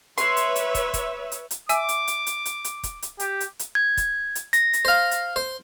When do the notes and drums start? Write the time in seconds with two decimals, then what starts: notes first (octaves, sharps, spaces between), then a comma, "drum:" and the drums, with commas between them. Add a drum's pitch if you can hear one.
0.18 B4 C#5 E5 C6, drum: hi-hat
0.37 drum: hi-hat
0.56 drum: hi-hat
0.75 drum: kick, hi-hat
0.94 drum: kick, hi-hat
1.32 drum: hi-hat
1.51 drum: hi-hat
1.69 E5 G#5 D6 E6, drum: hi-hat
1.89 drum: hi-hat
2.08 drum: hi-hat
2.26 drum: hi-hat
2.45 drum: hi-hat
2.64 drum: hi-hat
2.83 drum: kick, hi-hat
3.02 drum: hi-hat
3.20 G4, drum: hi-hat
3.40 drum: hi-hat
3.59 drum: hi-hat
3.75 G#6
3.97 drum: kick, hi-hat
4.35 drum: hi-hat
4.53 A#6, drum: hi-hat
4.73 drum: hi-hat
4.85 C5 F5
5.11 drum: hi-hat
5.36 C5